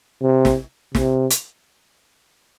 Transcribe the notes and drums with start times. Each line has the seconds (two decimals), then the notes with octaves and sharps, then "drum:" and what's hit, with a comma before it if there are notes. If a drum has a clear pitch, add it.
0.23 C3
0.45 drum: snare
0.95 C3, drum: snare
1.30 drum: hi-hat